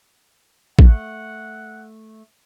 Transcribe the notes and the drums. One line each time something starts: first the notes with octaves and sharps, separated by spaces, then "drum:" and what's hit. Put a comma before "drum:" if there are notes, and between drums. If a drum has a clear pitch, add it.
A3 F#5, drum: kick